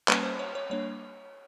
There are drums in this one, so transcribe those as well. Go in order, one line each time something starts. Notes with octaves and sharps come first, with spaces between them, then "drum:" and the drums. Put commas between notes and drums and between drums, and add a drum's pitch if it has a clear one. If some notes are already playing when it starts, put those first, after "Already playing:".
G3 A#3 C#4 B4, drum: clap
C5
C#5
C#5
G3 A#3 D4 C#5